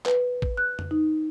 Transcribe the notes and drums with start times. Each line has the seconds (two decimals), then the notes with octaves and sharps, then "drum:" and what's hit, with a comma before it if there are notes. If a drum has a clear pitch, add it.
0.06 B4, drum: clap
0.42 drum: kick
0.57 F#6
0.79 drum: tom F2
0.91 D#4